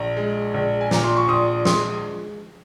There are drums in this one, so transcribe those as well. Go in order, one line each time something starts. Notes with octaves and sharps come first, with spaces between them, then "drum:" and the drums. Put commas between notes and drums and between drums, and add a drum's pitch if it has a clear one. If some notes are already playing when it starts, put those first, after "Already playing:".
Already playing: A#1 A#5
G#3
A#1
G#5
A#2 A#5, drum: snare
C6
C#6
A#1 C6 D#6
G#3 C6 D#6, drum: snare